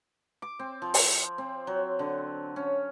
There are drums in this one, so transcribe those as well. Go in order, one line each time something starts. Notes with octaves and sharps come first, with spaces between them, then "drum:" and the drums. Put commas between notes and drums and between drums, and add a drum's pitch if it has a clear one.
D6
C4
F3
drum: open hi-hat
C4
F#3
D3
C#4